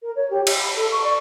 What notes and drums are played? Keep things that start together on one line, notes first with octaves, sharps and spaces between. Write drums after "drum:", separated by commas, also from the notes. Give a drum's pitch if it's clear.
A#4
C#5
G4
E5, drum: cymbal
B5
A4
C#6
D5